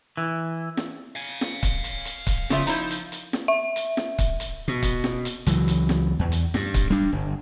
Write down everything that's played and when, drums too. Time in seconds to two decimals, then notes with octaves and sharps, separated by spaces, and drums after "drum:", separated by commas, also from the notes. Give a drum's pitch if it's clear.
0.17 E3
0.77 drum: snare
1.16 F5 G#5
1.41 drum: snare
1.63 drum: kick, hi-hat
1.84 drum: hi-hat
2.05 drum: hi-hat
2.27 drum: kick, hi-hat
2.50 C#3 F3 F4 E5, drum: snare
2.67 D#4 E4 C5, drum: hi-hat
2.91 drum: hi-hat
3.12 drum: hi-hat
3.33 drum: snare
3.48 E5
3.76 drum: hi-hat
3.97 drum: snare
4.18 drum: kick, hi-hat
4.40 drum: hi-hat
4.68 B2
4.82 drum: kick, hi-hat
5.04 drum: snare
5.25 drum: hi-hat
5.46 C#2 E3 F#3, drum: hi-hat
5.68 drum: hi-hat
5.89 drum: snare
6.19 E2
6.32 drum: hi-hat
6.54 G2, drum: snare
6.74 drum: kick, hi-hat
6.90 G3 D4
7.12 G1